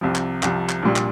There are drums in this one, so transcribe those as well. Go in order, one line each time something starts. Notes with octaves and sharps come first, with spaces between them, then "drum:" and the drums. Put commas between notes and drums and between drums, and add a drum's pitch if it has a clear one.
C2 C3 F3
drum: clap
C2 C3 F3, drum: clap
drum: clap
A#1 A#2 G3
drum: clap